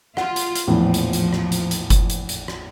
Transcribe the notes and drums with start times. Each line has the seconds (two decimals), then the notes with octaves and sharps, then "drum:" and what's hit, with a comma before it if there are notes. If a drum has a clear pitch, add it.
0.17 F4 F#5, drum: rim click
0.36 drum: hi-hat
0.55 drum: hi-hat
0.68 A#1 E2 A2 F3
0.94 drum: hi-hat
1.13 drum: hi-hat
1.33 drum: rim click
1.52 drum: hi-hat
1.71 drum: hi-hat
1.90 drum: kick F#1, hi-hat
2.10 drum: hi-hat
2.29 drum: hi-hat
2.48 drum: rim click